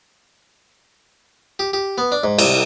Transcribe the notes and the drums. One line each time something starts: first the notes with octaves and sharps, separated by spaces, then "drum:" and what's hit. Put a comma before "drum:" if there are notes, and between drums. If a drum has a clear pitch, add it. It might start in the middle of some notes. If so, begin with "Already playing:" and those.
G4
G4
B3
D4
G#2
C2, drum: cymbal